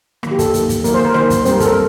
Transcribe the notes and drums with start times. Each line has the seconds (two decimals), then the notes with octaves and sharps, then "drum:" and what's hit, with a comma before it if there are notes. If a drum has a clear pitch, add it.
0.23 D#3 F#3 A#3, drum: rim click
0.31 G4
0.39 A4, drum: kick, hi-hat
0.54 D#3 F#3 A#3, drum: hi-hat
0.69 drum: kick, hi-hat
0.84 D#3 F#3 A#3 A#4, drum: hi-hat
0.94 C5
1.05 A#4
1.14 D#3 F#3 A#3 C5, drum: rim click
1.30 drum: kick, hi-hat
1.45 D#3 G3 C4 C5, drum: hi-hat
1.52 A#4
1.60 A4, drum: kick, hi-hat
1.66 A#4